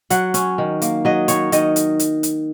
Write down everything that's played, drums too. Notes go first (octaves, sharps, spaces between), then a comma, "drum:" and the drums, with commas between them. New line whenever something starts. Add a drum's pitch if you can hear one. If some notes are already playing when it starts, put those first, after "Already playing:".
F#3 F#5, drum: hi-hat
C#4, drum: hi-hat
D#3
A#3, drum: hi-hat
F#3 D#5
D#3 C#5, drum: hi-hat
D#3 D#5, drum: hi-hat
drum: hi-hat
drum: hi-hat
drum: hi-hat